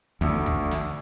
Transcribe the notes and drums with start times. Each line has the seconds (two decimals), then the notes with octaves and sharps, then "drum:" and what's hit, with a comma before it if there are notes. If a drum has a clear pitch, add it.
0.21 D2, drum: hi-hat
0.46 drum: kick G1, hi-hat
0.71 drum: snare